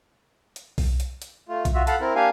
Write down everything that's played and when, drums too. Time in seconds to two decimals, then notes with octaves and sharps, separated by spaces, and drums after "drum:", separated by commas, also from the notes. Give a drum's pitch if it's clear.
0.56 drum: hi-hat
0.78 drum: kick B1, open hi-hat
1.00 drum: hi-hat
1.22 drum: hi-hat
1.49 A3 F4
1.65 drum: kick B1, hi-hat
1.74 F4 F#4 E5
1.87 A4 F5 F#5 A5 B5, drum: hi-hat
2.01 C4 E4 A#4
2.15 A#3 D4 G4 F5 G#5